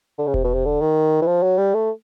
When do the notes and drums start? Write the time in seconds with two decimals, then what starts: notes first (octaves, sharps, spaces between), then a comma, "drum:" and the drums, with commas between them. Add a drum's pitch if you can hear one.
0.18 D3
0.27 C#3
0.34 C3, drum: kick E1
0.44 B2
0.54 C3
0.65 D3
0.81 D#3
1.22 E3
1.27 F3
1.43 F#3
1.58 G3
1.74 A3